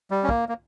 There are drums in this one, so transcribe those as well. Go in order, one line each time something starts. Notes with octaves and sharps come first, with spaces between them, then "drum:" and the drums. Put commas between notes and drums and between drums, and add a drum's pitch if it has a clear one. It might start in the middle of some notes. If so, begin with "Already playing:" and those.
G3
C#4
A#3, drum: kick
A#3